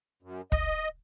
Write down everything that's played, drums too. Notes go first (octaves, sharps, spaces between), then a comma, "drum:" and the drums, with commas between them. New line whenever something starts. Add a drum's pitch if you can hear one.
F#2
D#5, drum: kick